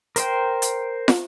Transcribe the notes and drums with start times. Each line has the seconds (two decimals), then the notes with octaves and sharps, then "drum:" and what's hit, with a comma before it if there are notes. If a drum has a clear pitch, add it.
0.16 A#4 C5 G5, drum: hi-hat
0.62 drum: hi-hat
1.08 drum: snare